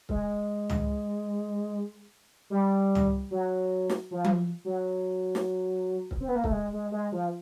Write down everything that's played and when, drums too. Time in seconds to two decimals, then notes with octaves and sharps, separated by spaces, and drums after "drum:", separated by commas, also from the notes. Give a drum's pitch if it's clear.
0.09 G#3, drum: kick C#1
0.69 drum: tom
2.50 G3
2.95 drum: tom
3.31 F#3
3.89 drum: snare
4.11 F3
4.24 drum: tom F3
4.65 F#3
5.35 drum: snare
6.11 drum: kick C#1
6.20 C4
6.28 B3
6.35 A#3
6.44 A3, drum: kick C#1
6.52 G#3
6.73 G#3
6.92 G#3
7.12 F3